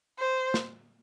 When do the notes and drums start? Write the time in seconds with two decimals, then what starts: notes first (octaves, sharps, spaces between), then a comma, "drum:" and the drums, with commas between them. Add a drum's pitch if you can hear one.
0.19 C5
0.54 drum: snare